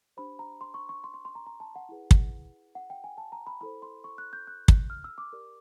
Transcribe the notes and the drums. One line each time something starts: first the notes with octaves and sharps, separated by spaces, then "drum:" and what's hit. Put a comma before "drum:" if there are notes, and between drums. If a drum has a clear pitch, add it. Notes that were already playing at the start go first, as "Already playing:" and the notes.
D4 G4 C5 B5
A#5
C6
C#6
C#6
C6
C6
C6
A#5
A#5
A5
F#5
E4 G#4 B4
drum: kick
F#5
G5
G#5
A5
A#5
B5
E4 A4 C5 B5
C6
C#6
F#6
G6
F#6
drum: kick
F6
E6
D6
G4 A#4 D5